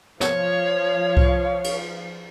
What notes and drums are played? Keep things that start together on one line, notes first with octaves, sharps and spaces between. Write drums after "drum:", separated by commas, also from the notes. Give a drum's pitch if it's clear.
F3 C#5 F5, drum: snare
drum: kick C2
drum: cymbal